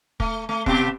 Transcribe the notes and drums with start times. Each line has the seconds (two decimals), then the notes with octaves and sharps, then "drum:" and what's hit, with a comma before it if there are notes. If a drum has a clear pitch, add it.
0.20 A3, drum: kick
0.49 A3
0.66 B2 G4, drum: kick